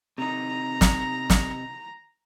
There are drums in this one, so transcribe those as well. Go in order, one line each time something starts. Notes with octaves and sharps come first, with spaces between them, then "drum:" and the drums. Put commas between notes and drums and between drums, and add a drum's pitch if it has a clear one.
C3 D#4 A#5
drum: snare
drum: snare